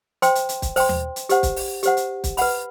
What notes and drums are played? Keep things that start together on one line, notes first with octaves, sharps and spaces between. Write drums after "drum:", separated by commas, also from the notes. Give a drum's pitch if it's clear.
C5 G5 C6, drum: hi-hat
drum: hi-hat
drum: hi-hat
drum: kick, hi-hat
C5 G5 C6, drum: open hi-hat
drum: tom D#2
drum: hi-hat
G4 C5 F#5, drum: hi-hat
drum: kick, hi-hat
drum: open hi-hat
G4 C5 F#5, drum: hi-hat
drum: hi-hat
drum: kick, hi-hat
B4 F#5 B5, drum: open hi-hat